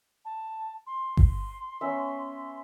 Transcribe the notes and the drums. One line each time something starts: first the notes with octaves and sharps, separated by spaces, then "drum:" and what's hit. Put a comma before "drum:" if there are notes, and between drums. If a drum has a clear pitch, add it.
A5
C6
drum: kick G1
B3 C#4 E5